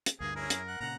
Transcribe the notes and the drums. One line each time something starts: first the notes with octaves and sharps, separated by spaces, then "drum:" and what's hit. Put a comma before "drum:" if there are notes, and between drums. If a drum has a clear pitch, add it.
drum: hi-hat
D2 G2 D3 A#3 G#4
C#4 E4 G#4 A#4
F#2, drum: hi-hat
F#5
A#2 C#3 F#5 A#5